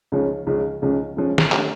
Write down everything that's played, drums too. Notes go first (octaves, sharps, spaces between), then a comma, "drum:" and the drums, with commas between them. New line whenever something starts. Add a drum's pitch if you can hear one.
C#2 C#3 F3 C#4
C#2 C#3 F3 C#4
C#2 C#3 F3 C#4
C#2 C#3 F3 C#4
drum: snare
D3 A3 C#4 G4, drum: clap